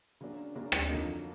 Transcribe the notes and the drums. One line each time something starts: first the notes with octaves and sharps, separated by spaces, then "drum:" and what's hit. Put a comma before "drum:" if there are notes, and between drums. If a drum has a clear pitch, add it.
C#3 F#3 A#3 D4
C#3 F#3 A#3 D4
drum: rim click
F2 D3 F#3 A#3 D#4